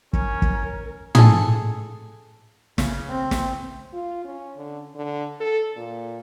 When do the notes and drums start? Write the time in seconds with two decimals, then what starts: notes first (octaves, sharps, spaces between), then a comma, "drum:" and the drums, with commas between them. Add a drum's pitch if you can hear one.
0.13 C#4 A#4, drum: kick
0.42 drum: kick
1.15 G#4 A4, drum: tom
2.78 C#3, drum: snare
3.09 C4
3.31 drum: snare
3.93 F4
4.25 C#4
4.57 D3
4.95 D3
5.40 A4
5.77 A#2